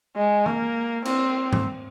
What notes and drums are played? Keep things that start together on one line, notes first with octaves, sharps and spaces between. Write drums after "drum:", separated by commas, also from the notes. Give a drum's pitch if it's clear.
G#3
A#3, drum: tom E3
C4, drum: cymbal
drum: tom G#2